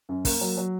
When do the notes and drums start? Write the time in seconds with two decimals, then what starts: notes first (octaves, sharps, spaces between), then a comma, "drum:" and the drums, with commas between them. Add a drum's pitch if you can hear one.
0.09 F#2
0.25 A#3, drum: kick, open hi-hat
0.41 F#3
0.57 F#3